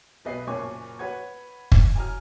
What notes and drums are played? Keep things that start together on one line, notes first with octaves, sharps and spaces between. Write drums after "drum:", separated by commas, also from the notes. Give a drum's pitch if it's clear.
B1 B2 B4 D#5 C7
F#1 A#2 C#4 C#5 G#5 C#6
B4 C#5 F#5 G#6
drum: kick
G#5 A#5 F6